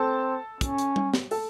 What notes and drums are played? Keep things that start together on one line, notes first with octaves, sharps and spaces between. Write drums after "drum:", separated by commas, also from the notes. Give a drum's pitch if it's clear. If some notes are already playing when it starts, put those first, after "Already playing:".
Already playing: C4 A4 A5
C#4, drum: kick, hi-hat
drum: hi-hat
drum: tom G3
drum: snare
A4 A5, drum: open hi-hat